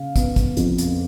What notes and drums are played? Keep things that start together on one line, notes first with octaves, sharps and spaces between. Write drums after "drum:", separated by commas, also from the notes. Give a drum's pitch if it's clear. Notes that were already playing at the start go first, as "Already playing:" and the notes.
Already playing: C#3 F5
B3, drum: kick, hi-hat
drum: kick, hi-hat
F2, drum: hi-hat
drum: hi-hat